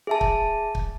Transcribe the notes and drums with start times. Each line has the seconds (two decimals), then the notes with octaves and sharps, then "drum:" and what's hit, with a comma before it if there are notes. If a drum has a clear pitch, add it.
0.07 G#4 E5 A5
0.21 drum: kick
0.75 drum: kick